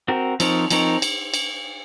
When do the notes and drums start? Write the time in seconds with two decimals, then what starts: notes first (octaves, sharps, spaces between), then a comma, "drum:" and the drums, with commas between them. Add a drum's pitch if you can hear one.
0.08 C4 F#4 A#4
0.40 F3 C4 D#4 A#4 C#5, drum: cymbal
0.70 F3 C4 D#4 A#4 C#5, drum: cymbal
1.02 drum: cymbal
1.34 drum: cymbal